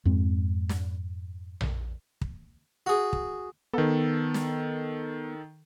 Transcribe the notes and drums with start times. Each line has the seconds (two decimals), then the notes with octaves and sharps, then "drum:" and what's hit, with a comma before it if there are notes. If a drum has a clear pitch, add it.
0.05 F2 G#2 G#3 C4
0.69 drum: snare
1.61 drum: tom A#1
2.21 drum: kick
2.86 F#4 G#4
3.13 drum: kick
3.73 D#3 B3 A4
4.34 drum: snare